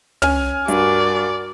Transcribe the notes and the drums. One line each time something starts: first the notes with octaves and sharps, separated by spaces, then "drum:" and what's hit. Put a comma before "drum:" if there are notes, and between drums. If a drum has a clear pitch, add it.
C#4 G#5 F6, drum: tom
G2 F#4 A#4 D5, drum: hi-hat